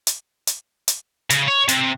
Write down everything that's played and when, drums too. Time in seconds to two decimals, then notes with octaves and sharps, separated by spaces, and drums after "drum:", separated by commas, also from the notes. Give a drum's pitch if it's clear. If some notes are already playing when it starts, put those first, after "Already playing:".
0.07 drum: hi-hat
0.47 drum: hi-hat
0.88 drum: hi-hat
1.30 C#3, drum: hi-hat
1.48 C#5
1.69 C3, drum: hi-hat